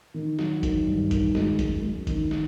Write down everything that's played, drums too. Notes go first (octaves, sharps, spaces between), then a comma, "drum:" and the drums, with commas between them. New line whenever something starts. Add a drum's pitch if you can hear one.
D#3
F#3, drum: snare
D#3, drum: kick, hi-hat
G2
D#3, drum: kick, hi-hat
G#3, drum: snare
F#2, drum: kick, hi-hat
G#3
D#3, drum: kick, hi-hat
drum: snare